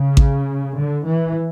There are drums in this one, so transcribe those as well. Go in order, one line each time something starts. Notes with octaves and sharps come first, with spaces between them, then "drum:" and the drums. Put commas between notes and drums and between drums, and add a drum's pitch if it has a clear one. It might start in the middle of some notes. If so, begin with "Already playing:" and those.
Already playing: C#3
drum: kick A1
D3
E3